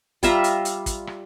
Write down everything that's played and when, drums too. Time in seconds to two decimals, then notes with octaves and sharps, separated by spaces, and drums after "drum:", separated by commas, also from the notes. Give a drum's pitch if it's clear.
0.23 G3 F4 E5 A#5, drum: kick, hi-hat
0.44 drum: hi-hat
0.65 drum: hi-hat
0.86 drum: kick, hi-hat
1.07 drum: rim click